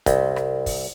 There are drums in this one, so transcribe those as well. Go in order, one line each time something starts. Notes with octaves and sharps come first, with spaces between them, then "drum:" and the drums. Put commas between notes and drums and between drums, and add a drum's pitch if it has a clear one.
C2, drum: kick, hi-hat
drum: rim click
drum: kick, open hi-hat